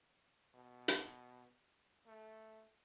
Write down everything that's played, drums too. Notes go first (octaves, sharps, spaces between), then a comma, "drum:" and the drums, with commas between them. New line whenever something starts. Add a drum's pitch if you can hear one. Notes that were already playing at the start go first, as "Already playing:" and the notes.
B2
drum: hi-hat
A3